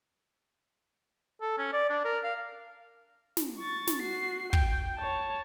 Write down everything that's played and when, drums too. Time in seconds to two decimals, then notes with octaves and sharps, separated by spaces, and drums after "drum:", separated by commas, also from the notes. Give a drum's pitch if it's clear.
1.41 A4
1.58 C#4
1.73 D5
1.90 D4
2.05 A#4
2.24 F5
3.37 drum: snare
3.60 C#6 A6
3.87 drum: snare
4.02 F#4 C7
4.53 G5, drum: kick
4.99 C#5 A5